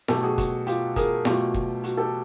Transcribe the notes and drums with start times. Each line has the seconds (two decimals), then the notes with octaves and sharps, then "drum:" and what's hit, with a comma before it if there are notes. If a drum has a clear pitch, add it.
0.08 B2 F#3 A3 G4 A4, drum: snare E4
0.23 F#4 G#4
0.38 F#4, drum: kick, hi-hat
0.67 F4 G4, drum: hi-hat
0.96 G#4 A#4, drum: kick, hi-hat
1.25 B2 F#3 A3 F4 G4, drum: snare E4
1.54 drum: kick
1.84 F#4, drum: hi-hat
1.97 G4 A4